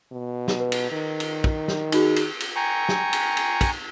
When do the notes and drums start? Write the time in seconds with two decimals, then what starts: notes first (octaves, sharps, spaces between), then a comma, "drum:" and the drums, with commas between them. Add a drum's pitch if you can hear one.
0.12 B2
0.48 drum: snare
0.60 B4
0.72 drum: cymbal
0.91 D#3
1.20 drum: cymbal
1.44 drum: kick
1.68 drum: snare
1.92 D#4 F#4 G#4, drum: cymbal
2.16 drum: cymbal
2.40 drum: cymbal
2.56 G5 G#5 A#5 C#6
2.89 drum: snare
3.13 drum: cymbal
3.37 drum: cymbal
3.61 drum: kick, cymbal